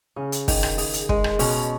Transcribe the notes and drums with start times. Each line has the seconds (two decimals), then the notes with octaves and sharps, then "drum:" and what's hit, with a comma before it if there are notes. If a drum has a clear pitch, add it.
0.16 C#3 C#4
0.32 drum: hi-hat
0.48 D#3, drum: kick, open hi-hat
0.63 drum: rim click
0.78 G#4, drum: open hi-hat
0.94 drum: hi-hat
1.09 G#3, drum: kick
1.24 drum: rim click
1.39 B2 C#4, drum: open hi-hat